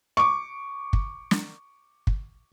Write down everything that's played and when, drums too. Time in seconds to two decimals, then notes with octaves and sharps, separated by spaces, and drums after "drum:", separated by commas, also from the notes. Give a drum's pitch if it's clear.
0.17 C#6 D6
0.93 drum: kick
1.31 drum: snare
2.07 drum: kick